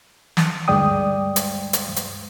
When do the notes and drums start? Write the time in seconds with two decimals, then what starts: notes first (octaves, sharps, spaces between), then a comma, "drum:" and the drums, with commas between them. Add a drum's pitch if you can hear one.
0.37 drum: snare
0.68 D2 G2 G#3 D5 G5 D#6
1.36 drum: hi-hat
1.73 drum: hi-hat
1.96 drum: hi-hat